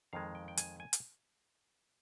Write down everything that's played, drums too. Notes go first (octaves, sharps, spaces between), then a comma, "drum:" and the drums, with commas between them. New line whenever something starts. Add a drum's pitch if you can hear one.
F2 D#3 G#3 F5
G5
G5
G#5, drum: hi-hat
G#5
drum: hi-hat